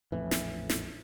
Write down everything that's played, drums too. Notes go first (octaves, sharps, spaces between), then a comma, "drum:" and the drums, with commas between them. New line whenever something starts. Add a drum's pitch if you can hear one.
A#1 F2 A2 E3
drum: snare
drum: snare